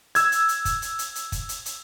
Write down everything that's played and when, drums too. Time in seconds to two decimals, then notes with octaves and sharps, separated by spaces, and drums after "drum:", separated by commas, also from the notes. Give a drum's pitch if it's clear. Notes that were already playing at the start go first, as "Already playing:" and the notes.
0.15 E6 G#6, drum: hi-hat
0.32 drum: hi-hat
0.49 drum: hi-hat
0.65 drum: kick, hi-hat
0.82 drum: hi-hat
0.99 drum: hi-hat
1.15 drum: hi-hat
1.32 drum: kick, hi-hat
1.49 drum: hi-hat
1.66 drum: hi-hat